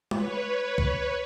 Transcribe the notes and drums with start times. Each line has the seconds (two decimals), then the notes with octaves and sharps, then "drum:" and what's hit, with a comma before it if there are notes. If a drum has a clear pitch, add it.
0.11 B4 C#5, drum: tom G#3
0.78 drum: kick